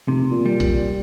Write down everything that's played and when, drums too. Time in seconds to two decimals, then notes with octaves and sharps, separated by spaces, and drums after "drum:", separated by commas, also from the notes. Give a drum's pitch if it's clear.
0.08 F1 C3
0.31 A#2
0.46 G3
0.60 drum: kick, hi-hat